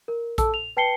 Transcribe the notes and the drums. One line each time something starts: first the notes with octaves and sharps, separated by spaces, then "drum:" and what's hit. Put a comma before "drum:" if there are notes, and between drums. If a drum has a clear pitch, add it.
A#4
A4 A5 E6, drum: kick A#1, hi-hat
F7
B4 G5 A5 C7 C#7 G7